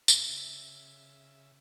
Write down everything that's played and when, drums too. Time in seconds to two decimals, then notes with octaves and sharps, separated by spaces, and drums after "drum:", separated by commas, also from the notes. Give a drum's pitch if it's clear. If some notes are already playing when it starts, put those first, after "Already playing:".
0.08 C#3 E5, drum: tambourine